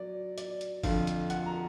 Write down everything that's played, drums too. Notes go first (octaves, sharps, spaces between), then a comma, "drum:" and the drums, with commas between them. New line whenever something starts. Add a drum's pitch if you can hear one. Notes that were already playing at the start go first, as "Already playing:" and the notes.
Already playing: F#3 D5
D5, drum: hi-hat
drum: hi-hat
F2 D3 F3 F5, drum: kick G1, open hi-hat
drum: hi-hat
F#5, drum: hi-hat
A#5